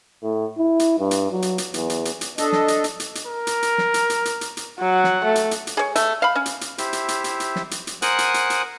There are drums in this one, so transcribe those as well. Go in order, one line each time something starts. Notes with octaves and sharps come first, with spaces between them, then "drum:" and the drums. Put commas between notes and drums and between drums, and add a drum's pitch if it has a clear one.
A2
E4
drum: hi-hat
G2
drum: hi-hat
F#3
drum: hi-hat
drum: hi-hat
E2, drum: hi-hat
drum: hi-hat
drum: hi-hat
drum: hi-hat
D4 A4 D#5, drum: hi-hat
drum: snare
drum: hi-hat
drum: hi-hat
drum: hi-hat
drum: hi-hat
A#4
drum: hi-hat
drum: hi-hat
drum: snare
drum: hi-hat
drum: hi-hat
drum: hi-hat
drum: hi-hat
drum: hi-hat
F#3 F#5
drum: snare
A3
drum: hi-hat
drum: hi-hat
drum: hi-hat
G#4 C#5
A3, drum: hi-hat
F5 B5
C#4
drum: hi-hat
drum: hi-hat
E4 G4 C5 E5, drum: hi-hat
drum: hi-hat
drum: hi-hat
drum: hi-hat
drum: hi-hat
drum: snare
drum: hi-hat
drum: hi-hat
A#4 C5 F#5 G#5 D#6 F#6, drum: hi-hat
drum: hi-hat
drum: hi-hat
drum: hi-hat